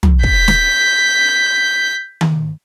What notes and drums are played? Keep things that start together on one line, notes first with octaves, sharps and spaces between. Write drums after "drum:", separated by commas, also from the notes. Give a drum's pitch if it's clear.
drum: tom
G6 B6, drum: kick
drum: snare
drum: tom D#3